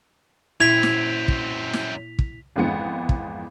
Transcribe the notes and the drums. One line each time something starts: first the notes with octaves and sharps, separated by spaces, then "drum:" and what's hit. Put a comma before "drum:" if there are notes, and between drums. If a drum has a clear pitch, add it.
F#2 A#2 C4 E4 G#6 B6 F7
drum: snare
drum: kick
drum: snare
drum: kick
G#1 F2 E3 G#3 B3 C#7
drum: kick